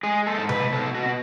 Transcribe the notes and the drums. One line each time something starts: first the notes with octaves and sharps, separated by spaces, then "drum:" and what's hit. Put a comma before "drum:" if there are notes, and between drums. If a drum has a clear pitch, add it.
G#3 G#4
A4
G#2
B4, drum: tom C3
B2 A4
F#4
B2